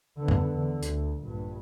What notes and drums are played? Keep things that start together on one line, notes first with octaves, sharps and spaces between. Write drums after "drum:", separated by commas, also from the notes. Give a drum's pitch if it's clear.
D3 B3
drum: tom F2
E2 D3
D2, drum: hi-hat
A#1 G2